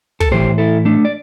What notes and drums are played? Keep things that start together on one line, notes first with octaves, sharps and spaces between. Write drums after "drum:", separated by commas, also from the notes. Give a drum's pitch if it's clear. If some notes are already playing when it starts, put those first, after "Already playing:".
A4, drum: kick
A2 E3 G4 C5
E4 A4
A3 D4
D5